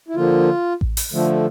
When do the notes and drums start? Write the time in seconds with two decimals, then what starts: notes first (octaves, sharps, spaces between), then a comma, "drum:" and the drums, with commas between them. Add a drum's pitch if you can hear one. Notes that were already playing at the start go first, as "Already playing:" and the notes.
0.08 E4
0.15 D3 F3 A#3 F4
0.81 drum: kick A1
0.97 drum: open hi-hat
1.12 D3 F3 A3